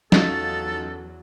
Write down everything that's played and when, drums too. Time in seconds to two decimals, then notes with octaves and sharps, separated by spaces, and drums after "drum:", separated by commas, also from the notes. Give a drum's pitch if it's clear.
0.12 E2 F#3 C#4 D#4 F4 A4 A6, drum: snare